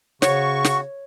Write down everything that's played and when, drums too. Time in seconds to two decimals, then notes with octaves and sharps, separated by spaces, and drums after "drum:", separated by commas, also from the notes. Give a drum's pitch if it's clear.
0.22 C#3 F#4 C#5 C#6, drum: snare
0.65 drum: snare